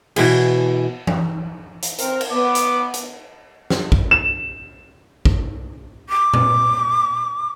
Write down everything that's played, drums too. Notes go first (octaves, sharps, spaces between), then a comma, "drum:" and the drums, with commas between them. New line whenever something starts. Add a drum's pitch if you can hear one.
B2 E3 G#4, drum: cymbal
drum: tom E3
drum: hi-hat
C4 A#4, drum: hi-hat
drum: cymbal
B3 D6
drum: hi-hat
drum: hi-hat
drum: snare
drum: kick
E7
drum: kick
D6
drum: tom A#2